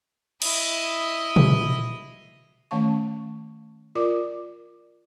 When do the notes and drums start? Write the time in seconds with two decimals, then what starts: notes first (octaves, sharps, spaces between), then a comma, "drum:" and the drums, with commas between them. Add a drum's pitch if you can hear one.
0.42 E4 D#5, drum: cymbal
1.36 drum: tom
2.71 D#3 A3 C#4 F5 A5 C#6
3.95 F4 A#4 D5 D6